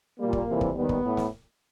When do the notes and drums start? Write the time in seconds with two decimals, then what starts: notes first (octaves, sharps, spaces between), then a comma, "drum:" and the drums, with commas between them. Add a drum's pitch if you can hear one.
0.18 A#2 G3 A#3
0.33 drum: kick
0.47 F2 C3 E3 G3
0.61 drum: kick
0.75 D#2 D#3 G3 B3
0.89 drum: kick
1.03 A2
1.17 drum: snare